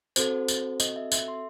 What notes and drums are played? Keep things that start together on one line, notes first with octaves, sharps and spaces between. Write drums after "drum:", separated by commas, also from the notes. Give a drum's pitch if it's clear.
C4 F#4 A4 C5, drum: tambourine
drum: tambourine
D#5, drum: tambourine
E5
E5, drum: tambourine
C6